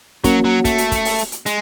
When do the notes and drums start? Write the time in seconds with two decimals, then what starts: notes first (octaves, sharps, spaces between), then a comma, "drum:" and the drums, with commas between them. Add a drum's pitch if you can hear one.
0.24 F#3 A#3 C#4 F#4, drum: kick, hi-hat
0.45 F#3
0.65 A3, drum: kick, hi-hat
0.78 drum: hi-hat
0.92 drum: kick, hi-hat
1.05 drum: open hi-hat
1.18 drum: hi-hat
1.32 drum: hi-hat
1.46 G#3, drum: hi-hat